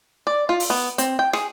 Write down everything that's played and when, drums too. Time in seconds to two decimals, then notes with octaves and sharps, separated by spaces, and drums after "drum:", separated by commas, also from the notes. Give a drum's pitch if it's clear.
0.27 D5
0.49 F4
0.60 drum: open hi-hat
0.70 B3
0.98 C4, drum: hi-hat
1.19 G5
1.33 G#4, drum: rim click